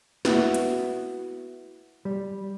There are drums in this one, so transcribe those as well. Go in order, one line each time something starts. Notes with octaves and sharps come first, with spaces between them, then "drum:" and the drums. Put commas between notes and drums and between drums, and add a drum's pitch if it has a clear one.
B3 E4 F#4, drum: snare
drum: hi-hat
G3